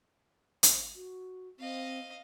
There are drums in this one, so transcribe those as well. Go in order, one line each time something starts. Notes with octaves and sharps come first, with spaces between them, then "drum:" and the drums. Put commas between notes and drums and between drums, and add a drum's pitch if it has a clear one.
drum: hi-hat
F#4
C4 D#5 F5